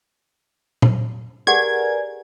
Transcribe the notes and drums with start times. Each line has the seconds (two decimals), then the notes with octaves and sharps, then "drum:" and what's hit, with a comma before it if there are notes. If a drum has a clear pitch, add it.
0.82 drum: tom A#2
1.47 G4 G#4 A#4 B4 D5 F#5 G#5 G#6